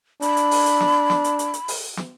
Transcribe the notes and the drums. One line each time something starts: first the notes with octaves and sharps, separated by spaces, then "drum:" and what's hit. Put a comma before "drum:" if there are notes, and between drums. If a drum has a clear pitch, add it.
D4 B5, drum: hi-hat
drum: hi-hat
drum: open hi-hat
drum: hi-hat
drum: snare
drum: snare
drum: hi-hat
drum: hi-hat
drum: hi-hat
drum: open hi-hat
drum: snare